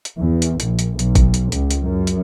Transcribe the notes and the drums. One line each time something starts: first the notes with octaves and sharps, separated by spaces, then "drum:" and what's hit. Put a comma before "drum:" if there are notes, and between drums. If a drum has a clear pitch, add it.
drum: hi-hat
E2
drum: hi-hat
A#1, drum: hi-hat
drum: hi-hat
B1, drum: hi-hat
drum: kick, hi-hat
drum: hi-hat
C#2, drum: hi-hat
drum: hi-hat
F#2
drum: hi-hat